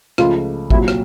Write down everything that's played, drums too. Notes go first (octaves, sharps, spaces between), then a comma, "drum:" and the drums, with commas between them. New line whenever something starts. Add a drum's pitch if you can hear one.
C#2 C#3 F3 A3 F4, drum: rim click
C2 A#2 F#3 E4, drum: kick G#1
drum: rim click